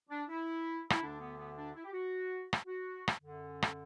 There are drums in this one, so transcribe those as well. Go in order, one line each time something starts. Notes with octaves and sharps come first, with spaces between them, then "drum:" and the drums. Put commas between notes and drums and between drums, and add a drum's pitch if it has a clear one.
D4
E4
E4, drum: rim click
D2 D3 D4
B3
B3
D4
E4
G4
F#4
drum: rim click
F#4
drum: rim click
F#2 D3
drum: rim click